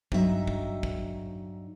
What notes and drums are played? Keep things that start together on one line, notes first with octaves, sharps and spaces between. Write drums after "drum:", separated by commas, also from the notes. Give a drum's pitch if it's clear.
G2 F#3 D#4 E4 E5, drum: kick
drum: kick
drum: kick